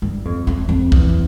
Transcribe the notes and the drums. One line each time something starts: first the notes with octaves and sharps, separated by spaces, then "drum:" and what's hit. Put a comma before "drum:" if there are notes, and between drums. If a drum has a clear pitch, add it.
G2
F2
F2
F2
E2, drum: kick